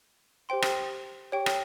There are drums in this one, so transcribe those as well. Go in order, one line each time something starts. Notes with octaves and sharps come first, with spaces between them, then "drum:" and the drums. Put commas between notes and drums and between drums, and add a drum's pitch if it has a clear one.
G4 C5 G5 C6
drum: rim click
G4 C#5 G5 C#6
drum: rim click